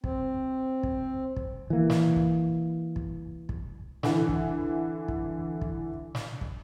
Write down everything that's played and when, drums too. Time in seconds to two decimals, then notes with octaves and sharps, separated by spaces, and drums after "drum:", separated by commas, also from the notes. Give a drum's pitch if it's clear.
0.04 C4, drum: kick
0.83 drum: kick
1.36 drum: kick
1.70 E3 A#3
1.90 drum: snare
2.16 drum: kick
2.96 drum: kick
3.49 drum: kick
4.03 D3 E3, drum: snare
4.29 drum: kick
5.08 drum: kick
5.62 drum: kick
6.15 drum: snare
6.41 drum: kick